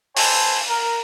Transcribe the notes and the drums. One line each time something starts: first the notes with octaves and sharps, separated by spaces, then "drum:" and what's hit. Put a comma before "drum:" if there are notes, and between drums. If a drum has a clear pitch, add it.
A4 B4 C5 G#5 A5, drum: open hi-hat
A#4